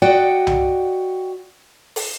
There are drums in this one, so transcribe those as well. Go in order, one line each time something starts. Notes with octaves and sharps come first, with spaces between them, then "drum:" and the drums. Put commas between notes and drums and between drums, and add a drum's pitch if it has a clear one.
F#4 D5 D#5 F#5 G5
drum: tom C2
drum: open hi-hat